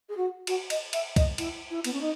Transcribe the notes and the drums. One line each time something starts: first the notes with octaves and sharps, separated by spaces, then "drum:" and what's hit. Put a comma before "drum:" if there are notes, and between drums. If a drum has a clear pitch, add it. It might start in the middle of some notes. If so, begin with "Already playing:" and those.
G#4
F#4
F#4, drum: cymbal
D#5, drum: cymbal
E5, drum: cymbal
D#5, drum: kick C2, cymbal
E4, drum: cymbal
E4
B3, drum: cymbal
C#4
D#4